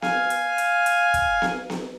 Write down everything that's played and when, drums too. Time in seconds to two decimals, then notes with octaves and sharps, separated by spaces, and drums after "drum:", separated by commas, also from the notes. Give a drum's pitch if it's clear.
0.02 F5 G#5, drum: snare B3
0.30 drum: hi-hat
0.58 drum: hi-hat
0.86 drum: hi-hat
1.14 drum: kick, hi-hat
1.42 drum: snare B3
1.70 drum: snare B3